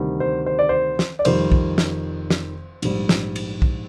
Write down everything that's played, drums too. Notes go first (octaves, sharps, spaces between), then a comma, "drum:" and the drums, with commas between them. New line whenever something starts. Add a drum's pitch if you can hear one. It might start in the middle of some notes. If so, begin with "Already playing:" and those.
Already playing: D2 C3 D#3 G3
C5
C5
D5
C5
drum: snare
D5
F1 F2 D#3 G3 C5, drum: cymbal
drum: kick B1
drum: snare
drum: snare
A#1 G#2 G3, drum: cymbal
drum: snare
drum: cymbal
drum: kick B1